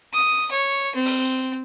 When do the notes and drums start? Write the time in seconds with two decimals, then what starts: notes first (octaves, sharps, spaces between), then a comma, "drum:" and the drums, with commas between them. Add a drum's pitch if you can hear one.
0.13 D#6
0.51 C#5
0.95 C4
1.05 drum: open hi-hat